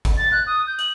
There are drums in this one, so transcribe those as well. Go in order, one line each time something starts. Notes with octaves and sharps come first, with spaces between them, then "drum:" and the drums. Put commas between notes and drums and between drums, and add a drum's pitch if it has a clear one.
drum: kick G#1, hi-hat
A6
F#6
D#6
G6
F#7, drum: hi-hat